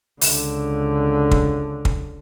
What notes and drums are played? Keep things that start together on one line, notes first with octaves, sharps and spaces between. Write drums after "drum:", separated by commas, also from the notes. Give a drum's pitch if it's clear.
C#2 D3, drum: open hi-hat
drum: kick
drum: kick